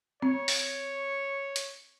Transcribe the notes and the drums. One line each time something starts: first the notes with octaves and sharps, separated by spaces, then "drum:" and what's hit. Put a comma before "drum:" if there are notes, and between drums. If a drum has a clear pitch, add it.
C4 C#5
drum: open hi-hat
drum: hi-hat